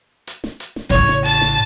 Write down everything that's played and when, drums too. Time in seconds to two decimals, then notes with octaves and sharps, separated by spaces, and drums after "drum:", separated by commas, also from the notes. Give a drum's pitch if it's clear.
0.27 drum: hi-hat
0.44 drum: snare
0.60 drum: hi-hat
0.76 drum: snare
0.90 A1 C#3 C#5, drum: hi-hat
1.09 drum: snare
1.25 A5, drum: hi-hat
1.42 drum: snare